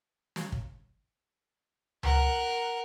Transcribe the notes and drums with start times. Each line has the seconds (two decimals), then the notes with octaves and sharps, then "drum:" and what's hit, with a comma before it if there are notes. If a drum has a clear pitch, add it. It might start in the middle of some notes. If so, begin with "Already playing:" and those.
0.36 drum: snare
0.52 drum: kick
2.03 A#4 F#5, drum: tom C#2